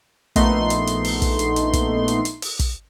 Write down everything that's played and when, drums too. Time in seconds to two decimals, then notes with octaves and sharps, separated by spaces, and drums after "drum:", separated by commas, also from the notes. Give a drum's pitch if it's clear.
0.36 A#1 A3 B3 D#4 C6, drum: kick, hi-hat
0.70 drum: hi-hat
0.87 drum: hi-hat
1.05 drum: open hi-hat
1.22 drum: kick, hi-hat
1.39 drum: hi-hat
1.56 drum: hi-hat
1.73 drum: kick, hi-hat
2.08 drum: hi-hat
2.25 drum: hi-hat
2.42 drum: open hi-hat
2.59 drum: kick, hi-hat